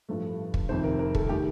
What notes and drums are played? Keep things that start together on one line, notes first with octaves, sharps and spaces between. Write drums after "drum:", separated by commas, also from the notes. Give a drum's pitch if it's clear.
A1 G2 F3 A3
drum: kick
F2 C3 D#3 C5
A#4
A#4
A4, drum: kick
D#3 A3 G4